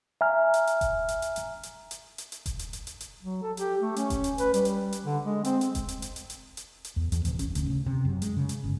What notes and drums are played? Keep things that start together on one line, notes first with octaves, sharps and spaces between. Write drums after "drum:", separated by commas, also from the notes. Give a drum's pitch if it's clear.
E5 G#5 A#5 F6
drum: hi-hat
drum: hi-hat
drum: kick F1, hi-hat
drum: hi-hat
drum: hi-hat
drum: hi-hat
drum: hi-hat
drum: hi-hat
drum: hi-hat
drum: hi-hat
drum: kick F1, hi-hat
drum: hi-hat
drum: hi-hat
drum: hi-hat
drum: hi-hat
F#3
A4
G4, drum: hi-hat
A3
C#4, drum: hi-hat
drum: kick F1, hi-hat
drum: hi-hat
B4, drum: hi-hat
G3, drum: hi-hat
drum: hi-hat
drum: hi-hat
D3
G#3
C4, drum: hi-hat
drum: hi-hat
drum: kick F1, hi-hat
drum: hi-hat
drum: hi-hat
drum: hi-hat
drum: hi-hat
drum: hi-hat
drum: hi-hat
E2
E2, drum: hi-hat
D#1, drum: hi-hat
C#4, drum: kick F1, hi-hat
D2, drum: hi-hat
C#3
C3
F#2
G#3, drum: hi-hat
C#3
drum: hi-hat
G1